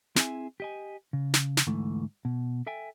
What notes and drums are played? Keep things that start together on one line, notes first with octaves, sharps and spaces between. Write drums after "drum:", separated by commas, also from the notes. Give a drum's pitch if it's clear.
C4 E4 G#4 D#5 E5 G#5, drum: snare
G4 D#5 G#5
C#3
drum: snare
drum: snare
D2 G#2 E3 A3
B2
A4 E5 G5 G#5